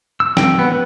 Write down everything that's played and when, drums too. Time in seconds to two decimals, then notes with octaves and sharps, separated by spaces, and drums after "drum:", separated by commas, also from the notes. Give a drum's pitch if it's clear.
0.20 E6
0.37 G5, drum: snare
0.59 B3
0.72 B4